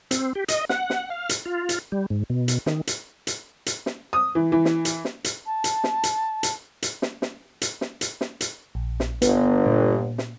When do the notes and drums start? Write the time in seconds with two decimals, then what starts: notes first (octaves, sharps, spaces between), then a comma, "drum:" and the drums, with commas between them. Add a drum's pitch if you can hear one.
0.11 C4, drum: hi-hat
0.35 G4
0.48 D#5, drum: hi-hat
0.69 F#5, drum: snare
0.90 drum: snare
1.10 F5
1.29 drum: hi-hat
1.46 F4
1.69 drum: hi-hat
1.92 G3
2.10 G#2
2.30 B2
2.48 drum: hi-hat
2.66 D#3, drum: snare
2.87 drum: hi-hat
3.27 drum: hi-hat
3.66 drum: hi-hat
3.86 drum: snare
4.13 D#6
4.35 E3
4.52 E3
4.65 drum: snare
4.85 drum: hi-hat
5.05 drum: snare
5.24 drum: hi-hat
5.46 A5
5.64 drum: hi-hat
5.84 drum: snare
6.03 drum: hi-hat
6.43 drum: hi-hat
6.82 drum: hi-hat
7.02 drum: snare
7.22 drum: snare
7.62 drum: hi-hat
7.81 drum: snare
8.01 drum: hi-hat
8.21 drum: snare
8.41 drum: hi-hat
8.75 A#1
9.00 drum: snare
9.22 G1 B3, drum: hi-hat
9.66 A#2
10.18 drum: snare